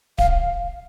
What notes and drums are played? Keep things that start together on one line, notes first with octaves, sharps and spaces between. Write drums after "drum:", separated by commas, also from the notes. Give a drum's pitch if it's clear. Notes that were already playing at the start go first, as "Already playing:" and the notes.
F5, drum: kick D1